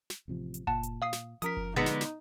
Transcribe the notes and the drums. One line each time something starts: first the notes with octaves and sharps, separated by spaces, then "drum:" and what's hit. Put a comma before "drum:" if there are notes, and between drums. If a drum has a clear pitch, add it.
drum: snare
A1 C3 F3
drum: hi-hat
A#2 F#5 A5, drum: kick F#1
drum: hi-hat
F5 D#6 C7
drum: snare
F3 C#4 A#4 D#6 B6, drum: hi-hat
drum: kick F#1
D3 G#3 B3 D#4 A6 B6 C#7
drum: snare
drum: snare